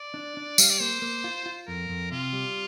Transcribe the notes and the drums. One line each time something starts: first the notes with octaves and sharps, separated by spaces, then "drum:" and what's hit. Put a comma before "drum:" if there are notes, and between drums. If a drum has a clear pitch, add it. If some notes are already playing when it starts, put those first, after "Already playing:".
Already playing: D5
D4
D4
G3 F5, drum: tambourine
D5
A#3 C5
A#3
F4
F4
F2 A#4
F2
C3 F4
G3